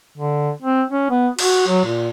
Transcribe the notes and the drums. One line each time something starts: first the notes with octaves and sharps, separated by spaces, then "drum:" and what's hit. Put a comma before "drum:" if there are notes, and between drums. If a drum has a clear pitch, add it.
D3
C4
C#4
B3
F#4, drum: cymbal
F#3
A#2